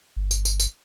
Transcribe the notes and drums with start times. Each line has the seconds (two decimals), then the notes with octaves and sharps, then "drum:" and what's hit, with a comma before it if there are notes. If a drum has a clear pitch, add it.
0.16 G1
0.31 drum: tambourine
0.45 drum: tambourine
0.60 drum: tambourine